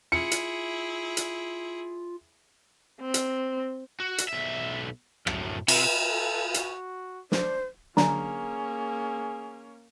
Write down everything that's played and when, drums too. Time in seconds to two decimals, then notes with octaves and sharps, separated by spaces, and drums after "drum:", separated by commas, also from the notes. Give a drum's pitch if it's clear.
0.12 E4 F4 G#4 C#7
0.31 drum: hi-hat
1.17 drum: hi-hat
3.01 C4
3.14 drum: hi-hat
4.00 F#4
4.18 drum: hi-hat
4.29 B1 E5
5.27 F#2 A2, drum: rim click
5.68 C3, drum: cymbal
6.07 A4
6.54 F#4, drum: hi-hat
7.32 D4 C5, drum: snare
7.97 D3 F#3 A#3 C#4 D4 G#4 G#5 A#5, drum: snare